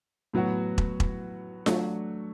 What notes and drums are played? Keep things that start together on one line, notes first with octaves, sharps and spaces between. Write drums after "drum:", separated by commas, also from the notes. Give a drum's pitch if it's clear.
A2 F#3 B3 F#4
drum: kick
drum: kick
F#3 A3 D4 F#4, drum: snare F4